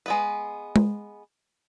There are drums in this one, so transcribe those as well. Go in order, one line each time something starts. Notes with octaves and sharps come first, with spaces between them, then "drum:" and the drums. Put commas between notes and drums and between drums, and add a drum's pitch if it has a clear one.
G#3 B3 B4
drum: tom G#3